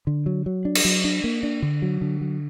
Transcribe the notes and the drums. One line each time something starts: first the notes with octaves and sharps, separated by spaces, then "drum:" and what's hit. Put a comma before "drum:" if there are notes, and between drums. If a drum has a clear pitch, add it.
D3
F#3
F#3
D4
drum: cymbal
F#3
D4
A#3
D4
D3
F#3
D3
F#3